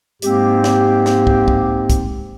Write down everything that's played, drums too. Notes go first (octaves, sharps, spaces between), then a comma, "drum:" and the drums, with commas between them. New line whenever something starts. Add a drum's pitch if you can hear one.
G#2 G#3 A#3 C4 G4, drum: hi-hat
drum: snare
drum: snare
drum: kick
drum: kick
drum: kick, hi-hat